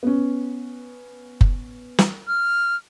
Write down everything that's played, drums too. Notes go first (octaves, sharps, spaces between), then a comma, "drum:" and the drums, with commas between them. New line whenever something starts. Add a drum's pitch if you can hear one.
B3 C#4
drum: kick F#1
drum: snare
F6